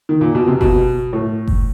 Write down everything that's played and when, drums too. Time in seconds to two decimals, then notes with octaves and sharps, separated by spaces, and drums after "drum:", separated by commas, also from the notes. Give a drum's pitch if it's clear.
0.09 D#3
0.21 A#2
0.35 B2
0.47 C3
0.61 B2, drum: kick F#1
1.13 A2
1.47 drum: kick F#1